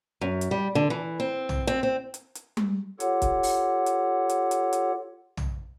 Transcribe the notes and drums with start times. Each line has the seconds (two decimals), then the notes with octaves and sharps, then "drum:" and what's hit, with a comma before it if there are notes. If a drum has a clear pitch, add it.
0.21 F#2
0.41 drum: hi-hat
0.51 G3
0.75 D3
0.90 E3
1.20 C4
1.49 drum: tom
1.67 C4
1.83 C4
2.14 drum: hi-hat
2.35 drum: hi-hat
2.57 drum: tom G3
3.00 F4 G4 A4 C#5 F#5, drum: hi-hat
3.22 drum: kick C#1, hi-hat
3.43 drum: open hi-hat
3.86 drum: hi-hat
4.29 drum: hi-hat
4.51 drum: hi-hat
4.73 drum: hi-hat
5.37 drum: tom